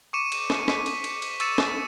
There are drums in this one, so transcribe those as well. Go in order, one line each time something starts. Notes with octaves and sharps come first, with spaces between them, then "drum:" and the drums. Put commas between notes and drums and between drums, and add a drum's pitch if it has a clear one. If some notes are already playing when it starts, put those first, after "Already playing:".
C#6 D6 C#7 D#7 E7
drum: cymbal
drum: snare
B6, drum: snare
drum: cymbal
drum: cymbal
drum: cymbal
C#6 E6 A6 C#7 E7, drum: cymbal
drum: snare